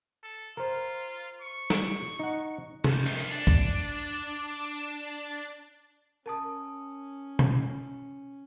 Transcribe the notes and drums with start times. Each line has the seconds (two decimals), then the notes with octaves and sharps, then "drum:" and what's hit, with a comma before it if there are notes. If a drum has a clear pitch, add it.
0.23 A4
0.57 F4 A#4 C5
1.41 C#6
1.70 drum: snare
2.19 D#4 F#5
2.84 F2 D#3, drum: tom C3
3.06 drum: cymbal
3.30 D4
3.47 drum: kick
6.26 C#4 A#4 A5 D#6
7.39 drum: tom B2